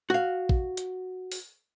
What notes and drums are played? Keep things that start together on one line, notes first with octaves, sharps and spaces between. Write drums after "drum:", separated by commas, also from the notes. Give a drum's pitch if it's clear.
F#4 F5
drum: kick A1
drum: hi-hat
drum: open hi-hat